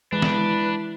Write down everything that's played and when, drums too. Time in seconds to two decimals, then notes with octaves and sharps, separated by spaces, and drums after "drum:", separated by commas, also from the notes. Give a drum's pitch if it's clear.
0.13 E3 G#3 D4 B4
0.22 drum: snare